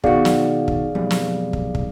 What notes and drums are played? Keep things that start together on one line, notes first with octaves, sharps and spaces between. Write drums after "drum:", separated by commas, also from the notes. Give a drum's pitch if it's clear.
B2 D#3 F#4 G#4 D5 F5, drum: kick
drum: snare
drum: kick
B1 F2 G3
drum: snare
drum: kick
drum: kick